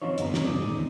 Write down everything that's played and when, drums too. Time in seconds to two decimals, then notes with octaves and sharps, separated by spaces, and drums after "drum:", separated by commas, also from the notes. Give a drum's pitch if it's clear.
0.02 F3 C4 C#4 D#4 F4 C#5
0.18 F#2 B2 D3 B3 G#4 A#5, drum: hi-hat
0.34 C4 C#4 A#4, drum: snare
0.45 C#2 G2 F3 G#4 D5
0.60 A#2 D#3 G#3
0.75 E2 C3